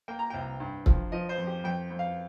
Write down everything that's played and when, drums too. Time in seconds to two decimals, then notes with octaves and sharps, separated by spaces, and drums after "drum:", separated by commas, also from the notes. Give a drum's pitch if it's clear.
0.08 A#3 G5
0.19 A#5
0.30 C2 G5
0.60 G2
0.86 F3, drum: kick
1.12 F3 D#5
1.29 C5
1.38 F2
1.47 G4
1.64 F2 G5
1.90 F2
1.99 F5